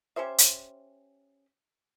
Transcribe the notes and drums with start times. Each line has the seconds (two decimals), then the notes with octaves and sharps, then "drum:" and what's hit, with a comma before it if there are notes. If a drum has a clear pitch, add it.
0.16 C#4 G4 C5 E5
0.38 drum: hi-hat